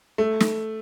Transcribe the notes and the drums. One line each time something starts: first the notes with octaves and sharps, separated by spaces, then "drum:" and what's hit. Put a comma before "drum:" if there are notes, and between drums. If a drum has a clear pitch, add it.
A3
drum: snare